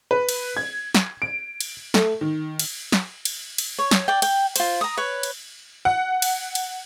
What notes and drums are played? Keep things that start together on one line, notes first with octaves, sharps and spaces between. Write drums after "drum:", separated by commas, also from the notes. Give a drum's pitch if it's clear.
B4
drum: cymbal
G#6
drum: snare
D7
drum: cymbal
A3, drum: snare
D#3
drum: cymbal
drum: snare
drum: cymbal
drum: cymbal
C#5
drum: snare
D5 G5
G5, drum: cymbal
F4 C5, drum: cymbal
A#5 D#6
B4 C#5
drum: cymbal
F#5
drum: cymbal
drum: cymbal